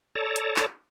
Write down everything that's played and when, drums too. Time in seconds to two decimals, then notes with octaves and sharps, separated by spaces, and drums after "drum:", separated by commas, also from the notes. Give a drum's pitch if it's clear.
0.15 A4 C#5 D5 A5 A#5
0.36 drum: hi-hat
0.56 drum: clap